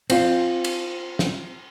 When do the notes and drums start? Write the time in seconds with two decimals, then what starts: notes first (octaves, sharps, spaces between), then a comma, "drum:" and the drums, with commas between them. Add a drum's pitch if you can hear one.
0.10 C4 F4, drum: cymbal
0.64 drum: cymbal
1.19 drum: snare